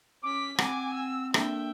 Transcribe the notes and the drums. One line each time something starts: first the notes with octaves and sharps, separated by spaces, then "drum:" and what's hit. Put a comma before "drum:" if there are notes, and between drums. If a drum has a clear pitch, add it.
C#4 D6 B6
C4 F#5 G#5 D6, drum: rim click
E6
A#3 D4 A4 E5 G5, drum: rim click